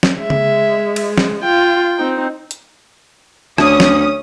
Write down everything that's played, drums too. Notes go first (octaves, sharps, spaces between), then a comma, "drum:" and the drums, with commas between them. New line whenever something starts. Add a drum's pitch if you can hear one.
drum: snare
G#3 E5
drum: tom C#3
drum: cymbal
drum: snare
F4 G5
C4 D#4
drum: hi-hat
D2 C#4 D#6, drum: rim click
drum: snare